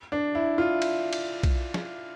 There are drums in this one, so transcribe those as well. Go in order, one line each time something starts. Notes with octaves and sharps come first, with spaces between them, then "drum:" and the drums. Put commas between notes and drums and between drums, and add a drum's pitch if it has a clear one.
D4
E4
F4
drum: cymbal
drum: cymbal
drum: kick, cymbal
drum: snare